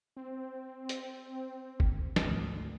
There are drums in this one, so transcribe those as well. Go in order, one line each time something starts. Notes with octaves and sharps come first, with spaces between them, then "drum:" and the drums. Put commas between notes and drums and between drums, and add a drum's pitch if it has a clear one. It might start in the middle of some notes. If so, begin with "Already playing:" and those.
C4
drum: hi-hat
drum: kick G1
G#1 D2, drum: snare